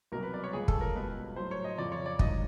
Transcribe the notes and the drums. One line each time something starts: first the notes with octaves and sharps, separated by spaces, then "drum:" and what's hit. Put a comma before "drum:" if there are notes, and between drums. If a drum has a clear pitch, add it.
C2 B2 F#3 A#4
B4
D5
C#5
C#2 C#3 F3 G#4
A4, drum: kick
A#4
C#2 B2 G3 B4
A2 F#3 C5
C#5
D#5
F2 C#3 F3 D5
C#5
D5
G#2 D#3 F#3 D#5, drum: kick